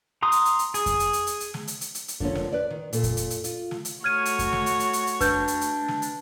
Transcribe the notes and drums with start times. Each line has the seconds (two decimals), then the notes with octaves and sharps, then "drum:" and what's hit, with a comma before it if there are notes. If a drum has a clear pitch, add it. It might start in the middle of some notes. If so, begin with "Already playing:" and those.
0.23 A#5 C6 D#6
0.32 drum: hi-hat
0.45 drum: hi-hat
0.59 drum: hi-hat
0.74 G#4, drum: hi-hat
0.86 drum: kick F2, hi-hat
1.00 drum: hi-hat
1.13 drum: hi-hat
1.27 drum: hi-hat
1.40 drum: hi-hat
1.54 drum: snare
1.68 drum: hi-hat
1.81 drum: hi-hat
1.95 drum: hi-hat
2.08 drum: hi-hat
2.20 D3 F3 A#3 C#4, drum: kick F2
2.35 drum: snare
2.52 B4 D5
2.70 D#3
2.93 A#2 A4, drum: hi-hat
3.03 drum: kick F2, hi-hat
3.17 drum: hi-hat
3.30 drum: hi-hat
3.44 F4, drum: hi-hat
3.71 drum: snare
3.85 drum: hi-hat
4.04 A3 F#4 C#5 F6 G#6 D#7
4.25 drum: hi-hat
4.39 drum: kick F2, hi-hat
4.53 drum: snare
4.66 drum: hi-hat
4.80 drum: hi-hat
4.93 drum: hi-hat
5.07 drum: hi-hat
5.21 D4 B4 G6, drum: kick F2, hi-hat
5.48 drum: hi-hat
5.61 drum: hi-hat
5.88 drum: snare
6.02 drum: hi-hat